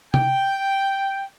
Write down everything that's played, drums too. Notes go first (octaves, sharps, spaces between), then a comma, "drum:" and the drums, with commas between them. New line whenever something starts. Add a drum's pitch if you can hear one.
G5, drum: tom